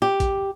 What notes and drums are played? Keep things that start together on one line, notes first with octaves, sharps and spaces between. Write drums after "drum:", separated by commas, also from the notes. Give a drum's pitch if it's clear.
G4
drum: kick, hi-hat